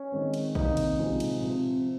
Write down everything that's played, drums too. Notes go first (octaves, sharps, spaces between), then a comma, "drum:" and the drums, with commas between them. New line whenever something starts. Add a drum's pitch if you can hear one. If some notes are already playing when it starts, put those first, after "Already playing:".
Already playing: C#4
D#3 G#3 C4
drum: cymbal
C3 D#3 A#3 D#4, drum: kick A#1
drum: cymbal
C3 F3 G#3 C4
drum: cymbal
C3 F3 C4